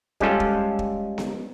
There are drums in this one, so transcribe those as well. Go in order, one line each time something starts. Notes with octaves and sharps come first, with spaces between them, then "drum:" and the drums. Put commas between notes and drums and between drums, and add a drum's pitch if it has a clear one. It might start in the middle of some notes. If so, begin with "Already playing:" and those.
G3 G#3 C#4 F4 A4, drum: kick
drum: kick
drum: kick
drum: snare B3